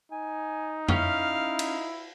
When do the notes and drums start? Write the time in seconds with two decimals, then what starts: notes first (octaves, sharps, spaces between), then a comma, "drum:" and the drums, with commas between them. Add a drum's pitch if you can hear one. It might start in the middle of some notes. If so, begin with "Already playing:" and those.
0.12 D#4 G#5
0.89 C#4 E4 F5, drum: tom F2
1.59 drum: cymbal